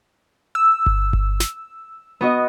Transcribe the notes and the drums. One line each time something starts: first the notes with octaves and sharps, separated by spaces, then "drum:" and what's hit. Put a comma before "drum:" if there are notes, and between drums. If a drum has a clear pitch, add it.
E6
drum: kick G1
drum: kick G1
drum: snare
B3 F#4 D#5